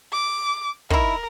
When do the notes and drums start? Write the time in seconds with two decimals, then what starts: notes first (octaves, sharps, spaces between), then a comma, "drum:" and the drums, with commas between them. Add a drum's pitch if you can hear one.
0.12 D6
0.90 D#3 E4 A#4, drum: kick